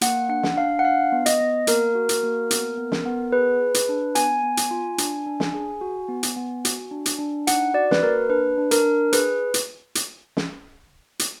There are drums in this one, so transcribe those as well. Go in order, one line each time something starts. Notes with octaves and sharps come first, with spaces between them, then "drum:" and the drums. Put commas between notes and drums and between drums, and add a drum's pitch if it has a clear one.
A#3 F#5, drum: hi-hat
D4 F#5
drum: snare
D4 F5
F#5
D4 F5
B3
D#5, drum: hi-hat
B3
A#3 A#4, drum: hi-hat
F#4
drum: hi-hat
A#3
B3, drum: hi-hat
B3
drum: snare
B3
G#4 B4
G#4
drum: hi-hat
D4
B3 G#5, drum: hi-hat
B3
drum: hi-hat
F4
D4, drum: hi-hat
D4
drum: snare
G#4
F#4
B3
drum: hi-hat
B3
F#4, drum: hi-hat
D4
drum: hi-hat
D4
D#4 F#5, drum: hi-hat
F#4 D5
B4, drum: snare
A#3 A#4
D4 B4
D4
A#4, drum: hi-hat
D4
G#4 B4, drum: hi-hat
drum: hi-hat
drum: hi-hat
drum: snare
drum: hi-hat